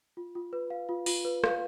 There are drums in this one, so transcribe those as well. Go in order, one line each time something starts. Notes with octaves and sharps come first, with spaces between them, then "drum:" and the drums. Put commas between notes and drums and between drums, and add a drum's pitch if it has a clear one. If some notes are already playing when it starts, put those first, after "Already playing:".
F4
F4
B4
F5
F4
F4, drum: open hi-hat
B4
F5, drum: rim click